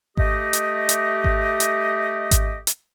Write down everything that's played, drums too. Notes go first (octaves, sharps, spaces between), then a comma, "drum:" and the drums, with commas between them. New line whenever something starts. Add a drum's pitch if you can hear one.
A3 G4 D#5, drum: kick G#1
drum: hi-hat
drum: hi-hat
drum: kick G#1
drum: hi-hat
drum: kick G#1, hi-hat
drum: hi-hat